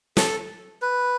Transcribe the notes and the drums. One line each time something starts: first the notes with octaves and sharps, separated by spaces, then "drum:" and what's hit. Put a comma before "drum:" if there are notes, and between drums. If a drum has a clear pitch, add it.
A4, drum: snare
B4